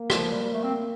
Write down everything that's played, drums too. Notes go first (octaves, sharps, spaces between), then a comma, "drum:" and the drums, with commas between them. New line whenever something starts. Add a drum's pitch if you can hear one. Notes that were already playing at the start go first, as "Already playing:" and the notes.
Already playing: A#3
F3, drum: rim click
G3
G3
A3
C4